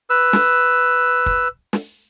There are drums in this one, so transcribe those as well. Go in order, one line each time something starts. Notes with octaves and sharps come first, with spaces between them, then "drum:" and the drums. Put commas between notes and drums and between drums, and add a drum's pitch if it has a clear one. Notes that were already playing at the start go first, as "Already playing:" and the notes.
B4 E6
drum: snare
drum: kick
drum: snare